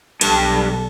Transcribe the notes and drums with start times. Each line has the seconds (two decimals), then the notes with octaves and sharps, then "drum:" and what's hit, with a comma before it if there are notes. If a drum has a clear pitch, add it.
0.21 B1 G2 A4, drum: cymbal